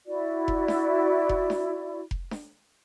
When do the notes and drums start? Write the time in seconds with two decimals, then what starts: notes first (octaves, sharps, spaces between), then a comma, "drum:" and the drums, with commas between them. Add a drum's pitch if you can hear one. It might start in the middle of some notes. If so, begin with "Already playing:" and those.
0.07 E4 F#4 D5
0.48 drum: kick F1
0.68 drum: snare D4
1.29 drum: kick F1
1.50 drum: snare D4
2.11 drum: kick F1
2.31 drum: snare D4